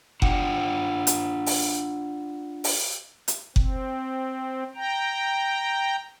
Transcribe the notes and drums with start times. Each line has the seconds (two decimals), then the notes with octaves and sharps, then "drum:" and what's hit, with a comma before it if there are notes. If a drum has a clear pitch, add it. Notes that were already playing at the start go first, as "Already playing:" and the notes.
0.22 D4 F4 F#5 G5, drum: kick F#1
1.07 drum: hi-hat
1.46 drum: open hi-hat
2.64 drum: open hi-hat
3.28 drum: hi-hat
3.56 C4, drum: kick F#1
4.74 G5 A#5